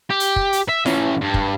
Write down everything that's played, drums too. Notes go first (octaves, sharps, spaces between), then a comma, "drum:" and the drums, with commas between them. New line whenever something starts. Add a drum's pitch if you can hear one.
G4
drum: hi-hat
drum: kick
drum: hi-hat
E5
E3 C#4, drum: snare F4
G2
drum: kick